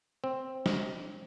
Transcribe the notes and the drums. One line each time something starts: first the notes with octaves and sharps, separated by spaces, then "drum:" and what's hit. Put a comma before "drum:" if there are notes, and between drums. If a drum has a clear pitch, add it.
C4
drum: snare